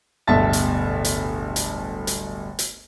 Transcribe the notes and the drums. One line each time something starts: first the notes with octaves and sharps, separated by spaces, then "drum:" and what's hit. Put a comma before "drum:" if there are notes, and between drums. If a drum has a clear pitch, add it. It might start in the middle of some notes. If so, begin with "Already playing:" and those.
D1 G1 B2 E5 A5 A6
drum: hi-hat
drum: hi-hat
drum: hi-hat
drum: hi-hat
drum: hi-hat